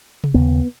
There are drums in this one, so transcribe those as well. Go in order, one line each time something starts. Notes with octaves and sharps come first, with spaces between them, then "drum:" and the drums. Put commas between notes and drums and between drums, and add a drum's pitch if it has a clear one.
drum: tom C3
D#2 C#3 B3